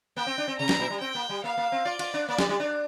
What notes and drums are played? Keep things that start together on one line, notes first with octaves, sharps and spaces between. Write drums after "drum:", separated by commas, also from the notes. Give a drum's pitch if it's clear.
A#3 G5
C4
D4
C4
C3 A#5
A#2, drum: snare
A#2
G3
C4 G5
A#3
G3
A#3 F5
A#3
C4
F4 D5
F4, drum: cymbal
D4
A#3 D5
G3, drum: snare
G3
D4